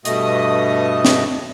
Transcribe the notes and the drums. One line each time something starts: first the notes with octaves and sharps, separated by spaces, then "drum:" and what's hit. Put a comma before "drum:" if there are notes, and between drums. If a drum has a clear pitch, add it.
G2 B2 A3 D#5 D#6, drum: hi-hat
drum: snare